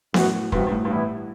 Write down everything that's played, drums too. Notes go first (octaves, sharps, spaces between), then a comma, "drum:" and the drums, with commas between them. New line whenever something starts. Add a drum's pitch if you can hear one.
F#2 A2 E3 B3 F#4, drum: snare B3
G2 C3 E3 B3 F#4, drum: kick
G2
A2
G2
A2 E3 G3 B3 E4